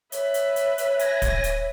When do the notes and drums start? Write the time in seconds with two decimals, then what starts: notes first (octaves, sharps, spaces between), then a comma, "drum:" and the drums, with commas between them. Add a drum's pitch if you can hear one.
0.12 B4 C#5 E5, drum: hi-hat
0.34 drum: hi-hat
0.56 drum: hi-hat
0.78 drum: hi-hat
0.99 G#5 A#6, drum: hi-hat
1.22 drum: kick, hi-hat
1.44 drum: hi-hat